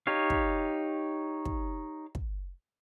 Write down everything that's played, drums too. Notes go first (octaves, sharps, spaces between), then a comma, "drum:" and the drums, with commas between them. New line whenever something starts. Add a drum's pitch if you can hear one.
D#4 G4 C#5 F5
drum: kick
drum: kick
drum: kick